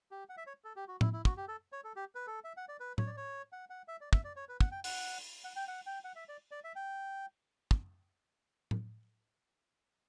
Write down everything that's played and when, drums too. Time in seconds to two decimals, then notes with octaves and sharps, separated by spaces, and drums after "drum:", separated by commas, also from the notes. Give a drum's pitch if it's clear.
0.11 G4
0.29 F#5
0.37 E5
0.47 C#5
0.64 A4
0.76 G4
0.88 F#4
1.01 E4, drum: tom A2
1.13 E4
1.25 F#4, drum: kick
1.37 G4
1.48 A4
1.72 C#5
1.84 A4
1.96 G4
2.15 B4
2.27 A4
2.44 E5
2.57 F#5
2.68 D5
2.80 B4
2.98 C#5, drum: tom A2
3.07 D5
3.17 C#5
3.52 F#5
3.70 F#5
3.88 E5
4.01 D5
4.13 E5, drum: kick
4.24 D5
4.36 C#5
4.49 B4
4.61 F#5, drum: kick
4.72 G5
4.84 F#5, drum: open hi-hat
5.44 F#5
5.56 G5
5.68 F#5
5.86 G5
6.04 F#5
6.16 E5
6.29 D5
6.51 D5
6.64 E5
6.76 G5
7.71 drum: kick
8.71 drum: tom A2